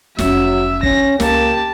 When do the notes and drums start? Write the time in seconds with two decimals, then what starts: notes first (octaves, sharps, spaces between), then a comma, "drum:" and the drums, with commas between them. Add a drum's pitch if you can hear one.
0.18 F1 F#3 C#4 E5, drum: snare
0.83 C#4 A#6, drum: kick
1.20 C#2 A#3 G4 A5, drum: snare